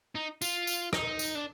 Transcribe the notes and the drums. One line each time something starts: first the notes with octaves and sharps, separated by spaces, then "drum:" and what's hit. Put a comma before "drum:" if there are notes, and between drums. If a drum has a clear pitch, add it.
D#4
F4, drum: tambourine
drum: tambourine
D#4, drum: rim click
drum: tambourine
D4